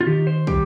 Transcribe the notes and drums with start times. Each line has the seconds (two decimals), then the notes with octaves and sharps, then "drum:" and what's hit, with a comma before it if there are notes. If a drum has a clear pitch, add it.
0.01 F4
0.07 D#3 G4
0.27 C5
0.47 G3 G4, drum: kick